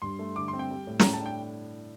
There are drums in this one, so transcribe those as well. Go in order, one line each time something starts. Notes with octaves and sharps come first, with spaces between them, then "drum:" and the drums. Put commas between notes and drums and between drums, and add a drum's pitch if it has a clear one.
G2 C6
A3
D3 D6
C6
C4
G5
G3
A2
A2 A#5, drum: snare
A5
D4 G5